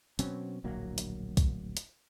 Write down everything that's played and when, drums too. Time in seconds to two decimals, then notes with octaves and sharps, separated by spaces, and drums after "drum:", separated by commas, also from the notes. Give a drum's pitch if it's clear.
0.19 B2 F#3 C4 C#4, drum: hi-hat
0.64 D1 A#1 F#3 A#3
0.98 drum: hi-hat
1.37 drum: kick, hi-hat
1.77 drum: hi-hat